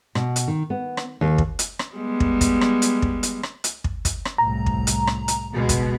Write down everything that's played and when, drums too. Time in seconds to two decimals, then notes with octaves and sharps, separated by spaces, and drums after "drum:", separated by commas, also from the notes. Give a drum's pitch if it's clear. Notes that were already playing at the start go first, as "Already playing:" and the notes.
0.15 B2, drum: rim click
0.36 drum: hi-hat
0.48 D#3
0.70 B3
0.97 drum: rim click
1.21 D#2
1.38 drum: kick
1.59 drum: hi-hat
1.79 drum: rim click
1.95 G3 G#3 B3
2.20 drum: kick
2.41 drum: kick, hi-hat
2.61 drum: rim click
2.82 drum: hi-hat
3.02 drum: kick
3.23 drum: hi-hat
3.43 drum: rim click
3.64 drum: hi-hat
3.84 drum: kick
4.05 drum: kick, hi-hat
4.25 drum: rim click
4.38 C2 A2 A#5
4.66 drum: kick
4.87 drum: hi-hat
5.07 drum: rim click
5.28 drum: hi-hat
5.53 C#2 B2 G#3 B3
5.69 drum: kick, hi-hat